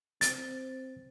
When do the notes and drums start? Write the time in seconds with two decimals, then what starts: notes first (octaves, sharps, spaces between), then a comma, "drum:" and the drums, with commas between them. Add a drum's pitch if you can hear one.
0.21 C4 A6, drum: hi-hat